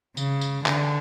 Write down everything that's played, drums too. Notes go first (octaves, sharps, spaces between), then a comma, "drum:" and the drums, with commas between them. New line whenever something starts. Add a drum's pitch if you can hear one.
C#3, drum: tambourine
drum: tambourine
D3, drum: clap